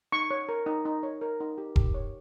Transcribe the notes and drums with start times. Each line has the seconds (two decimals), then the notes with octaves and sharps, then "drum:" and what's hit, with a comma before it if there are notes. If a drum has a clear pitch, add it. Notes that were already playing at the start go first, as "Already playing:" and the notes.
0.12 D#4 C#6
0.31 C#5
0.49 A#4
0.66 D#4
0.85 D#4
1.03 C#5
1.21 A#4
1.40 D#4
1.58 G4
1.76 G4, drum: kick E1
1.94 C#5